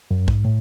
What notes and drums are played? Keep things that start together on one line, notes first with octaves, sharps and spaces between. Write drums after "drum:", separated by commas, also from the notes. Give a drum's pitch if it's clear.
F#2
G#2, drum: kick
A2